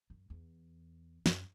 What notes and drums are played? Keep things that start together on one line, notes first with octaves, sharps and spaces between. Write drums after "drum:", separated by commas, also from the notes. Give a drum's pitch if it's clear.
F#2
E2
F#2, drum: snare